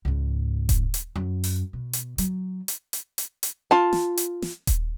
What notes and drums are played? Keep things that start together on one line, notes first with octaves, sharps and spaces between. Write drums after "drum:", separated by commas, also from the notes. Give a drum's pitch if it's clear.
C#2 G#2
drum: kick D#1, hi-hat
drum: hi-hat
F#2
drum: open hi-hat
B2
drum: hi-hat
F#3, drum: hi-hat
drum: hi-hat
drum: hi-hat
drum: hi-hat
drum: hi-hat
F4 A5
drum: snare
drum: hi-hat
drum: snare
drum: kick D#1, hi-hat